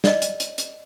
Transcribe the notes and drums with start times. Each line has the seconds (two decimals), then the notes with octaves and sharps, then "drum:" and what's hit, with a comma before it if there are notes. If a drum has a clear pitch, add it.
0.04 D5 D#5, drum: snare
0.22 drum: hi-hat
0.40 drum: hi-hat
0.58 drum: hi-hat